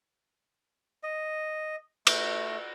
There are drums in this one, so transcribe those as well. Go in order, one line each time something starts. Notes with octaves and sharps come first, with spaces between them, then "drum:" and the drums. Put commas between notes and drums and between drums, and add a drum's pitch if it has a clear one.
D#5
A3, drum: cymbal